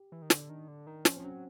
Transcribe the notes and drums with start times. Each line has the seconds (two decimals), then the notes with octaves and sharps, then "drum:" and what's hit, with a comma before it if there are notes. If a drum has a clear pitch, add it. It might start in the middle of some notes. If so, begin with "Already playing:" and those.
Already playing: G4
0.12 E3
0.22 D#3
0.30 D3 D4, drum: snare
0.49 D#3
0.68 D3
0.87 D#3
1.05 F3 C#4, drum: snare
1.16 F3 C4
1.24 F#3 C#4